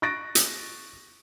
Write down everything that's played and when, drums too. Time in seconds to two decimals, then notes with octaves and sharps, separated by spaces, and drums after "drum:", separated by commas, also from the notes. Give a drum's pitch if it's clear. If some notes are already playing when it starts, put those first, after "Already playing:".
0.02 C#6 F#6 A6 A#6 D7
0.35 drum: hi-hat